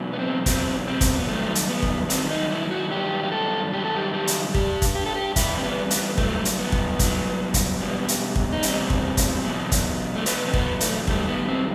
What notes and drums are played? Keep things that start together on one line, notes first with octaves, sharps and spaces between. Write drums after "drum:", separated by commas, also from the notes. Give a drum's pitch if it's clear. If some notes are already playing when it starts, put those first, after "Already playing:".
Already playing: E2 B2 F#3
B3
C4
E2 B2 F#3 C4, drum: kick, hi-hat
C4
drum: kick, hi-hat
B3
G2 D#3 F#3 A3
drum: hi-hat
B3
drum: kick
G2 D#3 F#3 C4, drum: hi-hat
D#4
E4
F#4
G2 D#3 F#3 G4
G4
A4
G2 D#3 F#3 G4
A4
G4
G4
drum: hi-hat
G2 E3 G3 G4, drum: kick
drum: kick, hi-hat
G4
A4
G4
G2 E3 G3 E4, drum: kick, hi-hat
C4
B3
B3, drum: hi-hat
G2 F#3 A3, drum: kick
drum: hi-hat
B3
drum: kick
G2 F#3, drum: kick, hi-hat
drum: kick, hi-hat
E2 B2 G3
drum: hi-hat
drum: kick
D#4
E2 B2 G3 C4, drum: hi-hat
drum: kick
drum: kick, hi-hat
E2 B2 F#3
drum: kick, hi-hat
A3
E2 B2 F#3 B3, drum: hi-hat
C4
B3, drum: kick
A3, drum: hi-hat
F#2 D#3 G3 A3, drum: kick
B3
C4